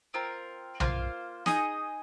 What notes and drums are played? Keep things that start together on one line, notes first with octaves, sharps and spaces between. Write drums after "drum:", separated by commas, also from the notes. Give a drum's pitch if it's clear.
C4 F4 A#4
A#3 F4 C5 F5, drum: tom B1
D#4 G#4 D#5, drum: snare